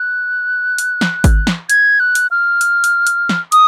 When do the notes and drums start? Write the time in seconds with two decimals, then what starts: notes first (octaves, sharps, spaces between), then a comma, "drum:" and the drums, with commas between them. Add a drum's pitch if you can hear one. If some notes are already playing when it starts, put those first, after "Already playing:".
Already playing: F#6
0.78 drum: hi-hat
1.01 drum: snare
1.24 drum: kick G#1, hi-hat
1.47 drum: snare
1.70 G#6, drum: hi-hat
2.00 F#6
2.15 drum: hi-hat
2.31 F6
2.61 drum: hi-hat
2.84 drum: hi-hat
3.07 drum: hi-hat
3.29 drum: snare
3.52 D#6, drum: hi-hat